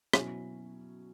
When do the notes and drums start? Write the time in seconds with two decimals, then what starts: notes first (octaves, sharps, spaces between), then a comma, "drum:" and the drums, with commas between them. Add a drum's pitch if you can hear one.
0.13 B2 F#3 C#4 E4, drum: rim click